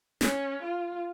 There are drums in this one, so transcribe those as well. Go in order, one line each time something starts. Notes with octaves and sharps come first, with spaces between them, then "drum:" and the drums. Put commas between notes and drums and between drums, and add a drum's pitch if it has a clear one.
C#4, drum: snare
F4